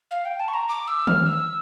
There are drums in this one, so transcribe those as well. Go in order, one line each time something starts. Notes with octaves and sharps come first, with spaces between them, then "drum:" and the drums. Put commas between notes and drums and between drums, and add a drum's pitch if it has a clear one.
F5
G5
A5
C#6
A#5
D6
E6
F6, drum: tom D#3
E6